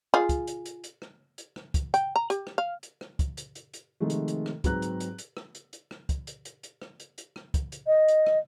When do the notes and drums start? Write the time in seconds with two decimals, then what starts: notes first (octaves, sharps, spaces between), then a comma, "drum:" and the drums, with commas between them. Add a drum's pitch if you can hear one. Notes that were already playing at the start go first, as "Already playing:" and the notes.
0.14 F4 G#4
0.29 drum: kick, hi-hat
0.47 drum: hi-hat
0.66 drum: hi-hat
0.84 drum: hi-hat
1.02 drum: rim click
1.38 drum: hi-hat
1.56 drum: rim click
1.74 drum: kick, hi-hat
1.94 G5, drum: hi-hat
2.16 A#5
2.30 G4, drum: hi-hat
2.47 drum: rim click
2.58 F5
2.83 drum: hi-hat
3.01 drum: rim click
3.19 drum: kick, hi-hat
3.37 drum: hi-hat
3.55 drum: hi-hat
3.74 drum: hi-hat
4.00 C3 D#3 F3 G#3 A3
4.10 drum: hi-hat
4.28 drum: hi-hat
4.46 drum: rim click
4.64 G#2 F#3 C4 B4 A#5 F#6, drum: kick, hi-hat
4.82 drum: hi-hat
5.00 drum: hi-hat
5.18 drum: hi-hat
5.37 drum: rim click
5.55 drum: hi-hat
5.73 drum: hi-hat
5.91 drum: rim click
6.09 drum: kick, hi-hat
6.27 drum: hi-hat
6.45 drum: hi-hat
6.63 drum: hi-hat
6.82 drum: rim click
7.00 drum: hi-hat
7.18 drum: hi-hat
7.36 drum: rim click
7.54 drum: kick, hi-hat
7.72 drum: hi-hat
7.87 D#5
8.08 drum: hi-hat
8.26 drum: rim click